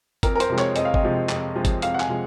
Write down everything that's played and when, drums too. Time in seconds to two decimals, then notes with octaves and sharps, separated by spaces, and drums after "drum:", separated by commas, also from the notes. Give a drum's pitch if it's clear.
0.23 F2 A#4, drum: kick, hi-hat
0.35 A#4
0.40 C5, drum: hi-hat
0.50 C3 F3 G#3
0.58 C#5, drum: clap
0.76 F2 D#5, drum: hi-hat
0.85 F5
0.94 D#5, drum: kick
1.03 C3 F3 G#3
1.29 F2, drum: clap
1.56 C3 F3 G#3
1.65 drum: kick, hi-hat
1.82 F2 F5, drum: hi-hat
1.94 F#5
2.00 G#5, drum: clap
2.09 C3 F3 G#3